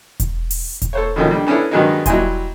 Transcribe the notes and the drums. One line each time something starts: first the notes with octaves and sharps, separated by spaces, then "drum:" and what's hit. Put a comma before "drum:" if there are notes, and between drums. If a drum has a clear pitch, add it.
drum: kick E1, hi-hat
drum: open hi-hat
drum: kick E1, hi-hat
A4 C5 C#5
F#2 B2 D#3 F3 A3 C#4
D3 G3
B3 C#4 D4 E4 A4
G2 D#3 F#3 G#3 B3 D#4
F#3 G3 E4 D#5 G#5 C6, drum: kick E1, hi-hat